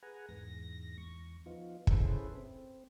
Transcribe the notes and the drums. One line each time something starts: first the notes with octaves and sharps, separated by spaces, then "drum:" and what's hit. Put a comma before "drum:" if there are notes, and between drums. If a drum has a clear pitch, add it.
G#4 B4 F#5 G#5 A#5
E2 G#2 A#6
E2 C#6
F3 B3 D#4 F4
C#4 E4 G#4 A4 B4 C5, drum: kick
C4